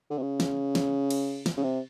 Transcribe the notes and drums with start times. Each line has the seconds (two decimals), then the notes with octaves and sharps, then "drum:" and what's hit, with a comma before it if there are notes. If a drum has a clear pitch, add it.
0.10 D3
0.18 C3
0.22 C#3
0.40 drum: snare
0.75 drum: snare
1.11 drum: cymbal
1.46 drum: snare
1.57 C#3
1.63 C3